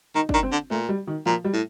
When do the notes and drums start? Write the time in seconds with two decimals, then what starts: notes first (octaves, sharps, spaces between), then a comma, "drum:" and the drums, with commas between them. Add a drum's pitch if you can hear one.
0.15 D#3 D#4
0.29 D4, drum: kick G1
0.34 D#3
0.43 C4
0.52 D3
0.70 A#2 A3
0.89 G3
1.07 D#3
1.26 A#2 F3
1.44 G3
1.53 A2